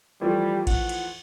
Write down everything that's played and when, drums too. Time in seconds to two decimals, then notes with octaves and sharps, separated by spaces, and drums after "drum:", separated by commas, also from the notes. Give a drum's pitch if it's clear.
0.21 E3 F3 G3 A3
0.67 F#5, drum: kick A1, cymbal
0.89 drum: cymbal